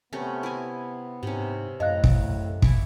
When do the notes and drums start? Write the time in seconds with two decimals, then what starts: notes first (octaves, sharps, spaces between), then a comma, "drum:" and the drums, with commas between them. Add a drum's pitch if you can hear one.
0.13 C3 A3 B3 C#4
0.43 E4 G#5
1.23 G#2 C3 C#4
1.80 F#2 A2 D#5 F5 A#5 F#6
2.04 drum: kick
2.62 E3 E4 C#6, drum: kick